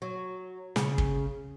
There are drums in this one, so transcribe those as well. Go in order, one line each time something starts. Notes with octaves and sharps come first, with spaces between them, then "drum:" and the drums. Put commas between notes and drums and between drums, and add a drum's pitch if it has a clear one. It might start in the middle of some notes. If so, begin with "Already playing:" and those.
F#3
C#3, drum: snare
drum: kick